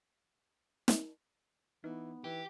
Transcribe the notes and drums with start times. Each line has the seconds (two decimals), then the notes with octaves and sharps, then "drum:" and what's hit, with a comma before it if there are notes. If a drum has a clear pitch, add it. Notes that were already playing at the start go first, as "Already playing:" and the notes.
0.88 drum: snare
1.84 E3 B3 D#4
2.24 E3 G4